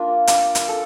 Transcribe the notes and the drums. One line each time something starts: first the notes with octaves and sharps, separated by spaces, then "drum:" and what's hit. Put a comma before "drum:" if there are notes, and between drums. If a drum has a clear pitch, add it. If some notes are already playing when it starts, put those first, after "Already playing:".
Already playing: A#3 D4 F4
D4, drum: hi-hat
drum: hi-hat
A4